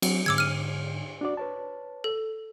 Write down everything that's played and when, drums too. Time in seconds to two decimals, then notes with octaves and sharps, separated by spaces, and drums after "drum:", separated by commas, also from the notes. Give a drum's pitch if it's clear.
0.02 F#3 C4, drum: cymbal
0.26 G#2 D3 D6 E6 G#6
0.38 F6 D#7
1.21 D4 F#4 D5
1.37 B4 C#5 A5
2.04 A4